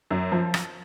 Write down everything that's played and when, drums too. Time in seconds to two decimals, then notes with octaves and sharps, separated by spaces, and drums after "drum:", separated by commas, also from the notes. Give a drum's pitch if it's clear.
0.11 F#2
0.32 F3
0.54 drum: rim click